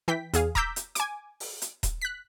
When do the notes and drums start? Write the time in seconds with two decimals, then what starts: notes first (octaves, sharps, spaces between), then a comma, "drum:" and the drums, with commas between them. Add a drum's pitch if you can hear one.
0.08 E3 G5 B6
0.34 E2 G#4 F5, drum: hi-hat
0.55 A#5 D6 E6 G6 B6, drum: kick D#1
0.76 drum: hi-hat
0.95 G#5 D6, drum: hi-hat
1.40 drum: open hi-hat
1.62 drum: hi-hat
1.83 drum: kick D#1, hi-hat
2.01 F#6 B6